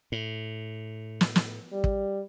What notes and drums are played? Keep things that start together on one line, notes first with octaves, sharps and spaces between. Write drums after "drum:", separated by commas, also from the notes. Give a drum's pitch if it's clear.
A2
drum: snare
drum: snare
G3
drum: kick